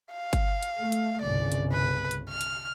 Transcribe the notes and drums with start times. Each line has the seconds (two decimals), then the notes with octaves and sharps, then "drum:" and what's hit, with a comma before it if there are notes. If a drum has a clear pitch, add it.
0.13 F5
0.33 drum: kick G1, hi-hat
0.63 drum: hi-hat
0.78 A3
0.92 drum: hi-hat
1.22 G1 C2 C#3 D5
1.52 drum: hi-hat
1.73 B4
2.11 drum: hi-hat
2.30 F6
2.41 drum: hi-hat